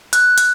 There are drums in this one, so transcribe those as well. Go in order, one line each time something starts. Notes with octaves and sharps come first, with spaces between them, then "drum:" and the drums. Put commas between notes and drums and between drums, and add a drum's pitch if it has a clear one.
F#6, drum: hi-hat
drum: hi-hat